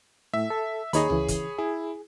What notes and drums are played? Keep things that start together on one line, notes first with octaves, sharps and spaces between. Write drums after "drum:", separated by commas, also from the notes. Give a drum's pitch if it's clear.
A2 E5
A4
D#2 D#4 G#4 C#5 A#5 B5, drum: hi-hat
C#3 E3, drum: tom C#2
drum: kick, hi-hat
E4 G#4